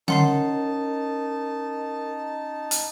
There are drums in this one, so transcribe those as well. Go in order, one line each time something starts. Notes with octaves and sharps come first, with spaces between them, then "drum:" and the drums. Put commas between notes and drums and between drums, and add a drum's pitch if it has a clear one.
C#4 D#4 A#4 F#5 A5 C6 C7, drum: tom D3
drum: hi-hat